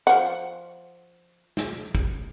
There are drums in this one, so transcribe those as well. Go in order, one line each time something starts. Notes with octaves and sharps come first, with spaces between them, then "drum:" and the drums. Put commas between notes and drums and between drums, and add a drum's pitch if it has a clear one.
F3 F#5
drum: snare
drum: kick